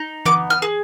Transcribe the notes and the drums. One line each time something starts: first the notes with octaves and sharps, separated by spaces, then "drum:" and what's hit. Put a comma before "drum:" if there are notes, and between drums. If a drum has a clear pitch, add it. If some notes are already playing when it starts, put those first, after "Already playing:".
Already playing: D#4
B3 D6, drum: tom E3
F6
G#4